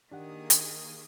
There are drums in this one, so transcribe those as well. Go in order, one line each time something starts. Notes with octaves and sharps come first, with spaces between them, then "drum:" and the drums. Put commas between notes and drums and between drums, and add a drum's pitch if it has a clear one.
D#3 A#3 D4 G4 G#4 F#5 D#6
drum: hi-hat